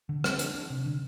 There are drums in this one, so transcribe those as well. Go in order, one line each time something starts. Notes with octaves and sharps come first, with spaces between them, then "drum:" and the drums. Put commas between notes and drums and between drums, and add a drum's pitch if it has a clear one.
D3
C4, drum: rim click
D4, drum: hi-hat
D4
C3
D3